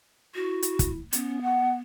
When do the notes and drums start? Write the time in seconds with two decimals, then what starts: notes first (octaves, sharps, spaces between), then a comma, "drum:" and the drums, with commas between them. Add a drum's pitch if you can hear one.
0.35 E4 F#4
0.63 drum: hi-hat
0.79 drum: kick, hi-hat
1.13 B3 C#4, drum: hi-hat
1.42 F#5